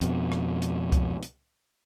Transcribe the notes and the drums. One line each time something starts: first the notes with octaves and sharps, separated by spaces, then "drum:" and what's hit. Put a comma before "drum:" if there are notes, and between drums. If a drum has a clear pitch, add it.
F2 B2, drum: hi-hat
drum: rim click
drum: hi-hat
drum: kick C2, hi-hat
drum: hi-hat